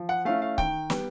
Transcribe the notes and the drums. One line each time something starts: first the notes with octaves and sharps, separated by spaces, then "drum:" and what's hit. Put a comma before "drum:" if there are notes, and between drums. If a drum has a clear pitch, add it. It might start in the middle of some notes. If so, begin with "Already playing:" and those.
Already playing: F3
F#5
A3 C#4 E4 F5
F5
D#3 G5, drum: kick C#1
G3 B3, drum: snare